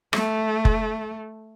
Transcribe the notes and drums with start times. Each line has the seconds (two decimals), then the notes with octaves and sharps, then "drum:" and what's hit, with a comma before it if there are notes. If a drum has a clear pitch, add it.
0.13 A3, drum: rim click
0.65 drum: kick F1